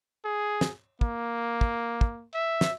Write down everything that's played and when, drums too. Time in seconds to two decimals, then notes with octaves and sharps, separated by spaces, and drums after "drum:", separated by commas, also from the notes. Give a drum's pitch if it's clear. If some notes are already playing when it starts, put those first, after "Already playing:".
0.25 G#4
0.61 drum: snare
1.01 A#3, drum: kick
1.61 drum: kick
2.01 drum: kick
2.34 E5
2.61 drum: snare